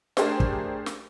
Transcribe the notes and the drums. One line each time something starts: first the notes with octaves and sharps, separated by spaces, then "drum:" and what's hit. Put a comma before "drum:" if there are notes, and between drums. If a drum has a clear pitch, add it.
A3 D4 G4 G#4 A#4 C5, drum: snare
drum: kick
drum: snare